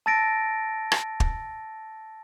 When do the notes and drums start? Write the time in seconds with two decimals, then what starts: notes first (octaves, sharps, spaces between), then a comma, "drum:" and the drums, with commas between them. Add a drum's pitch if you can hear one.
0.06 A5 E6 A6 A#6 D7
0.92 drum: rim click
1.20 drum: kick